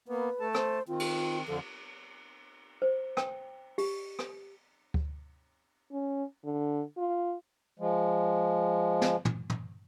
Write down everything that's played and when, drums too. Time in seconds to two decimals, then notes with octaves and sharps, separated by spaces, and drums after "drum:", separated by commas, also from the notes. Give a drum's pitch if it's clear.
0.08 A#3 B3 B4
0.40 A3 A4 A5
0.55 C5, drum: rim click
0.88 D#3 C4 F4
1.00 drum: cymbal
1.47 F2 D3 F3 A4
2.82 C5
3.17 G5, drum: rim click
3.78 G4, drum: open hi-hat
4.19 drum: rim click
4.94 drum: kick D2
5.92 C#4
6.45 D3
6.98 F4
7.79 F3 G#3
9.02 drum: snare
9.25 drum: tom
9.50 drum: tom